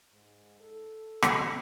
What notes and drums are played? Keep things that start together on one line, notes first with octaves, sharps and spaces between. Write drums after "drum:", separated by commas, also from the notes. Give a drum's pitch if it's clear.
G#2
A4
drum: rim click